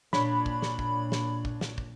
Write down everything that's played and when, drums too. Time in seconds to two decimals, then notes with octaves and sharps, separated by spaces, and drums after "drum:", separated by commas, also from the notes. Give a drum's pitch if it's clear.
0.13 A#2 D4 C#5 B5, drum: snare
0.46 drum: kick
0.62 drum: snare
0.79 drum: kick
1.12 drum: snare
1.45 drum: kick
1.61 drum: snare
1.78 drum: kick